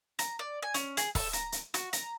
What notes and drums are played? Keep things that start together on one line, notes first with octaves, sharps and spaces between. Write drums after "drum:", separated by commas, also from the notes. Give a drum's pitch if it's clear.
A#5, drum: hi-hat
D5
G#5
C#4, drum: hi-hat
G#4, drum: hi-hat
A4, drum: kick, open hi-hat
A#5, drum: hi-hat
drum: hi-hat
F#4, drum: hi-hat
A#5, drum: hi-hat